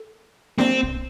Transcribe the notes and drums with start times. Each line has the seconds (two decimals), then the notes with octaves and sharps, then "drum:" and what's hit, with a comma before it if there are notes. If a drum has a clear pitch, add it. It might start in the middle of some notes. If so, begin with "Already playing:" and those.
Already playing: A4
0.58 A#3 C4 D4 G4, drum: snare
0.83 drum: kick